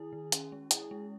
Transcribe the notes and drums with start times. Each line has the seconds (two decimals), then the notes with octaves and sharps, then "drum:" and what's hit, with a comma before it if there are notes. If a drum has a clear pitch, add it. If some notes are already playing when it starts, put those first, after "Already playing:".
Already playing: D#3 E4 G#4
0.13 D#3
0.32 C#4, drum: hi-hat
0.52 G#3
0.71 E4 G#4, drum: hi-hat
0.91 G#3